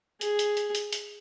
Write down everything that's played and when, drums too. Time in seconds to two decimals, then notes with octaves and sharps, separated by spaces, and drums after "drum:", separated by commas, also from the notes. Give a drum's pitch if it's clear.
0.21 G#4, drum: hi-hat
0.39 drum: hi-hat
0.57 drum: hi-hat
0.75 drum: hi-hat
0.93 drum: hi-hat